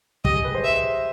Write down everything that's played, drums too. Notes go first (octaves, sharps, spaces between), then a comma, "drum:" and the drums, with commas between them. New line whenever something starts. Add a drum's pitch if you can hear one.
G4 D#5, drum: kick
G#4
B4
C5
E5